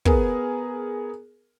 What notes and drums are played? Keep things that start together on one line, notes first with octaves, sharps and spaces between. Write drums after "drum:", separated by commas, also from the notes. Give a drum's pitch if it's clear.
B3 G#4 A#4, drum: kick